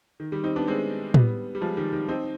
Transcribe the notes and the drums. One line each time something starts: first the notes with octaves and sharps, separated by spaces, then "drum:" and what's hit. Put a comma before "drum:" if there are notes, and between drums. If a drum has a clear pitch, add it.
D#3
D#3 G3
C4 D#4
B3 D4
G#3 C4
G3 B3, drum: tom
G3
F3 G#3
D#3 G3
D#3 G3
C4 D#4